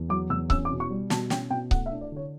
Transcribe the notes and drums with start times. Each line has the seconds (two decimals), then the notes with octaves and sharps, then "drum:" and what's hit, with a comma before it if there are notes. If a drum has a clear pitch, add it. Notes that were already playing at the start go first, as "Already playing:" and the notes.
Already playing: E2
0.09 F#3 D6
0.30 E2 E6
0.50 C#4 E6, drum: kick C#1
0.65 D6
0.70 B2
0.80 C#6
0.90 G3
1.10 B2 A5, drum: snare
1.30 C#4 G5, drum: snare
1.51 B2 G5
1.71 A3 F#5, drum: kick C#1
1.86 E5
1.91 D4
2.01 D5
2.12 D3 C#5